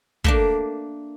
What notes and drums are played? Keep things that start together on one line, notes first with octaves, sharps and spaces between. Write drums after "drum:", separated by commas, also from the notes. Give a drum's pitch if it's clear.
A3 A#3 D4, drum: kick